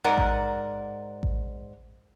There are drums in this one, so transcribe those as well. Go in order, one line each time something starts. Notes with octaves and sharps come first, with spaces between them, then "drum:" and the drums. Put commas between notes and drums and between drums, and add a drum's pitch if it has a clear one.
G#2 A#4 D5 F#5
drum: kick A1
drum: kick A1